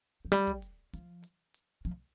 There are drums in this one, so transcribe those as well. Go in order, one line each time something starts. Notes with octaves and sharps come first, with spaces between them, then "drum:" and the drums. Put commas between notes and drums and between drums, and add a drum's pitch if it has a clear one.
F3
G3, drum: hi-hat
drum: kick, hi-hat
drum: hi-hat
F3, drum: hi-hat
drum: hi-hat
drum: hi-hat
F3, drum: hi-hat